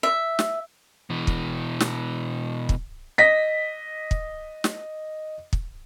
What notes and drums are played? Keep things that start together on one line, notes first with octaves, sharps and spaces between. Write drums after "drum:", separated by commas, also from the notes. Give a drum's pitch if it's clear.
E5
drum: snare
B2 E3
drum: kick
drum: snare
drum: kick
D#5 A#6 B6
drum: kick
drum: snare
drum: kick